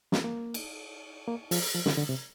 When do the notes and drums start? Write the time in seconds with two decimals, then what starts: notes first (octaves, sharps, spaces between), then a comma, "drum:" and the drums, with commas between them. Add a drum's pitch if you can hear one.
0.12 A#3, drum: snare
0.24 A#3
0.54 drum: cymbal
1.28 A#3
1.51 F3, drum: open hi-hat
1.74 F3
1.86 D3, drum: snare
1.98 D3
2.09 C3